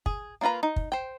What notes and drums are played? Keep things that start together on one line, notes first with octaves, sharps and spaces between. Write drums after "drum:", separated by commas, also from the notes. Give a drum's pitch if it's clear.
G#4, drum: kick
A#3 D4 F4 B4 A#5
D#4
drum: kick
C5 G5